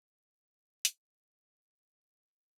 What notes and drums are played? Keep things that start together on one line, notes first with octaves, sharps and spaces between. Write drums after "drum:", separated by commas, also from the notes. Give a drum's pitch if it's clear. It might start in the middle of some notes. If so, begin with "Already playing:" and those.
C#6
F#5, drum: hi-hat
D#7
C#6
F#3